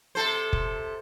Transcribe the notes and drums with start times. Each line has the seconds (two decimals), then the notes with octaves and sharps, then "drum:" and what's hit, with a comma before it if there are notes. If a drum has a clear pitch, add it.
0.15 C3 A4 C5
0.53 drum: kick F1